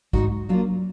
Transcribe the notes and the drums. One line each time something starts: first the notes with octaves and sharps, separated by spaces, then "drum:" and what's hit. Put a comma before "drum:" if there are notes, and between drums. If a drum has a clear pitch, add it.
G#2 D#4 F#4, drum: kick
F#3 A#3 D4 F4